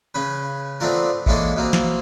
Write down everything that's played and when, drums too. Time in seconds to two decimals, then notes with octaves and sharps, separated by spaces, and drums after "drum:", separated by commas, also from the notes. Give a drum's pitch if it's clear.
0.14 C#3 C#4 B4
0.80 A3 B3 C4 D4 F4 A#4
1.26 E3 G#3 A#3 C#4 D4 A4, drum: kick A1
1.56 B2 A#3 C4
1.73 drum: snare